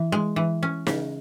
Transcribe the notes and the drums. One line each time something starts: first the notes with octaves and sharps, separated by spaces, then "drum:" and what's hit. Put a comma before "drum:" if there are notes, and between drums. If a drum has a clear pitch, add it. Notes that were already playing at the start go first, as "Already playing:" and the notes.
Already playing: E3
G#3
E3
C#4
C#3, drum: snare